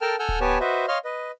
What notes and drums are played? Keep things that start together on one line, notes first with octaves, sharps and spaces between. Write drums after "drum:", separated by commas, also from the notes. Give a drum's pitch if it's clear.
A4 A#4 G5 A5 F6
A4 F#5 G#5 E6 F6 G6
drum: kick D1
B3 G4 B4 C#5 G#5 A5
F#4 B4 C5 D#5 E5
C#5 D#5 F5 C6 F6
B4 D#5